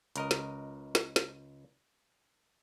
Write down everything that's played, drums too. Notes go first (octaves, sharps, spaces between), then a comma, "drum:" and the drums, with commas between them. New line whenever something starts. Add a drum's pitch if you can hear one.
C#2 A#4 D#5, drum: hi-hat
drum: snare
drum: snare
drum: snare